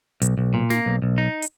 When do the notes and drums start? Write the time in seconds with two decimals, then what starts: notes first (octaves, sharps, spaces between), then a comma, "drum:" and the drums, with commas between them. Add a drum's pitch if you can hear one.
0.22 B1, drum: hi-hat
0.38 B1
0.54 A#2
0.70 A#3, drum: snare
0.86 B1
1.02 B1
1.18 D#4
1.42 drum: hi-hat